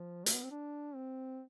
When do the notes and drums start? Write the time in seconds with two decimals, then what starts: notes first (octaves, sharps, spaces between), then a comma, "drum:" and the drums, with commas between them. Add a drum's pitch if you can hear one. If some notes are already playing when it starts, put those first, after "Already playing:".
Already playing: F3
0.26 A3, drum: hi-hat
0.34 B3
0.43 C4
0.51 D4
0.95 C4